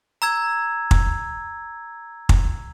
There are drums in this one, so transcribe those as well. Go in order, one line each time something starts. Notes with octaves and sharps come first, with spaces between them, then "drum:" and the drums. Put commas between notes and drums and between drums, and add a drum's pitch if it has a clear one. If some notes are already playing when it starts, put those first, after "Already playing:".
A#5 E6 G#6
drum: kick
drum: kick